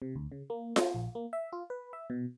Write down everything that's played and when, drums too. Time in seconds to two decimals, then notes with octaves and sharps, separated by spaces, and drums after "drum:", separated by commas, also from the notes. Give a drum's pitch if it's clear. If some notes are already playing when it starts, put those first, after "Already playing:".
0.02 C3
0.16 D2
0.32 C#3
0.50 A#3
0.76 F4, drum: snare F4
0.95 A#1
1.15 A#3
1.33 E5
1.53 F4
1.70 B4
1.93 E5
2.10 B2